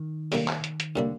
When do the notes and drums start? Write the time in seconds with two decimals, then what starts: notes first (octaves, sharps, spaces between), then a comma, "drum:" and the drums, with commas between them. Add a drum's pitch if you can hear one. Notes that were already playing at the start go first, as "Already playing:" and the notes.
Already playing: D#3
0.32 A2 G3 A#3 D4, drum: open hi-hat
0.48 drum: clap
0.64 drum: hi-hat
0.80 drum: hi-hat
0.95 A2 D3 G3 A#3 D4